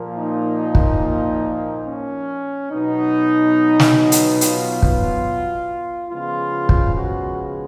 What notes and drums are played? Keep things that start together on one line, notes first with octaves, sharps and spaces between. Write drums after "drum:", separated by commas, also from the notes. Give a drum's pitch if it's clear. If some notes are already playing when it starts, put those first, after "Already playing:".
Already playing: A#2 F3 A#3
D#4
drum: kick
C#4
B2 F#3 B3 D#4
drum: snare
drum: hi-hat
F4, drum: hi-hat
drum: kick
C#3 F3 G#3 B3 F4
drum: kick
F#4